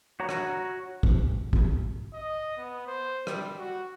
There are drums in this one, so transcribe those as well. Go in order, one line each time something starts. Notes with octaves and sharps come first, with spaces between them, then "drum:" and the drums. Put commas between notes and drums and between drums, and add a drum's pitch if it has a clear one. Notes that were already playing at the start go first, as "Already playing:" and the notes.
F#4 C#5 A#5
drum: rim click
drum: kick
drum: kick
D#5
B3
C5
G3, drum: rim click
F#4